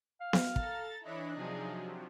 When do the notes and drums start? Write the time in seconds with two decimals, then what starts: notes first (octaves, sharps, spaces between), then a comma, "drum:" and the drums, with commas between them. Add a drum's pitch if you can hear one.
0.21 F5
0.33 drum: snare B3
0.56 A4 A#5 A6, drum: kick
1.05 E3 D4 E4 C#5 D#5 F#6
1.35 C3 F3 F#3 D4 D#4 G#4